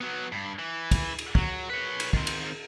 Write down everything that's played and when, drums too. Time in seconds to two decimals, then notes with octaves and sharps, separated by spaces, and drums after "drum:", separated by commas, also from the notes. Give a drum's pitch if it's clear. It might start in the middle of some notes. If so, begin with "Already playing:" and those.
0.01 F#3 B3
0.32 G2
0.59 E3
0.91 drum: kick, cymbal
1.19 drum: cymbal
1.35 F#3, drum: kick
1.69 B4 C#5
2.00 drum: cymbal
2.13 D#3 C4, drum: kick
2.27 drum: cymbal